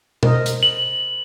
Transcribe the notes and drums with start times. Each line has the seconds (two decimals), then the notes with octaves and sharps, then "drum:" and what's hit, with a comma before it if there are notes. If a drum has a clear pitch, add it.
0.23 A#4 C5 D#5, drum: tom B2
0.46 drum: hi-hat
0.63 F#7